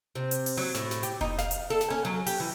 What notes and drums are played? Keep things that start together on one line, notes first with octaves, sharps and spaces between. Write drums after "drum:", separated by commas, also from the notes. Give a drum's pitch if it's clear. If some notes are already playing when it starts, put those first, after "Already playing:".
C3
drum: hi-hat
drum: open hi-hat
F#3
A2, drum: snare
drum: snare
G4, drum: hi-hat
D#4, drum: kick F1
F5, drum: snare
drum: hi-hat
A4
drum: snare
C#4
F#3
G4, drum: open hi-hat
E3